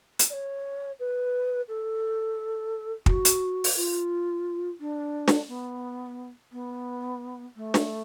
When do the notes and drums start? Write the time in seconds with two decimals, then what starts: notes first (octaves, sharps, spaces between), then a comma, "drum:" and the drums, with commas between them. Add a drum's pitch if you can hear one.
0.19 drum: hi-hat
0.30 D5
0.33 C#5
0.99 B4
1.68 A4
3.06 F#4, drum: kick
3.25 drum: hi-hat
3.64 drum: open hi-hat
3.76 F4
4.80 D4
5.28 drum: snare
5.48 B3
6.52 B3
7.56 A3
7.74 drum: snare